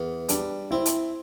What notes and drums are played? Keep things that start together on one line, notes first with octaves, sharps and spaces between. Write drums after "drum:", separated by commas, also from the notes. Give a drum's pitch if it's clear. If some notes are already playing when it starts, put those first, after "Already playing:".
Already playing: E2
G3 D4, drum: hi-hat
C4 E4
drum: hi-hat